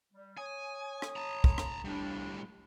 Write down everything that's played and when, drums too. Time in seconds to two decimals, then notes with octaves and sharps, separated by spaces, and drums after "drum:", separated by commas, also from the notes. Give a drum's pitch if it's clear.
0.13 G3
0.38 C#5 G#5 D#6
1.02 drum: rim click
1.16 A5 A#5
1.44 drum: kick
1.58 drum: rim click
1.85 A2 G3 D4